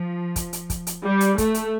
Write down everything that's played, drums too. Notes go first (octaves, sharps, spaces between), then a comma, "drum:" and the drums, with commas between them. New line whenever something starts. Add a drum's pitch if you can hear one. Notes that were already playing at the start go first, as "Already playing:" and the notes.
Already playing: F3
drum: kick, hi-hat
drum: hi-hat
drum: kick, hi-hat
drum: hi-hat
G3
drum: hi-hat
A3, drum: kick, hi-hat
drum: hi-hat